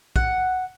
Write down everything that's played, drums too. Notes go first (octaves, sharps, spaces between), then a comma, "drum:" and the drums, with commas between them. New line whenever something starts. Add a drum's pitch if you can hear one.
F#5, drum: kick